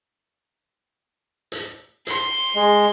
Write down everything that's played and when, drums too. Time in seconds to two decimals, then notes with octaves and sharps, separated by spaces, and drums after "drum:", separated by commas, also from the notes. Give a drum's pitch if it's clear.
1.52 drum: hi-hat
2.07 C6, drum: hi-hat
2.55 G#3